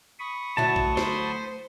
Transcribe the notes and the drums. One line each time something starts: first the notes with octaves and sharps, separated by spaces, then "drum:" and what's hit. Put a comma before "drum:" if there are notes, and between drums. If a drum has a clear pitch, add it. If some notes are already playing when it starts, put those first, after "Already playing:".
B5 C#6 D#6
D2 F#3 E4 A5
drum: kick A#1
C5, drum: snare